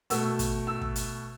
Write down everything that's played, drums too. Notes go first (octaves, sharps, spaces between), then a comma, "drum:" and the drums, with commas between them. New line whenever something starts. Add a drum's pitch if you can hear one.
B2 A3 E6, drum: hi-hat
drum: kick, hi-hat
E6
drum: kick
drum: hi-hat